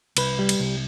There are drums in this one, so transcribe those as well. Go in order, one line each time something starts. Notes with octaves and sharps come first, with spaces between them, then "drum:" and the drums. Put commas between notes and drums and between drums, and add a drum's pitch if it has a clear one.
C2 B4, drum: cymbal
G3
drum: cymbal
C2